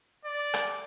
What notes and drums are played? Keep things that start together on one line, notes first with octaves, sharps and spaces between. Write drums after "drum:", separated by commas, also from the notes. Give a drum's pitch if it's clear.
D5
drum: rim click